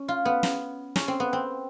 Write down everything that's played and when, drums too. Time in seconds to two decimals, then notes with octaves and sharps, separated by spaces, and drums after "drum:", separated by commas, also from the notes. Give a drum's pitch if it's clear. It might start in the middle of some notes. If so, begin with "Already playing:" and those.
Already playing: C#4
0.08 F4
0.25 B3
0.43 drum: snare
0.96 C#4, drum: snare
1.08 C4
1.20 B3
1.33 C4